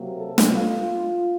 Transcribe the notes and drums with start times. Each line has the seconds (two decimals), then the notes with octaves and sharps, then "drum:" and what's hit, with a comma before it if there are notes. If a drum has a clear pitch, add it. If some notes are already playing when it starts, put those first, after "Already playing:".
Already playing: C3 F#3 A#3
0.16 A4
0.38 drum: snare
0.52 F4